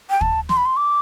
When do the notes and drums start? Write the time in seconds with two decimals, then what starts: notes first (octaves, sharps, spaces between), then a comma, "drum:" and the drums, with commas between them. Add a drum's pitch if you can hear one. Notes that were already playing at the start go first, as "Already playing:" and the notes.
0.10 G5
0.21 A5, drum: kick
0.49 C6, drum: snare
0.57 B5
0.66 C6
0.77 D6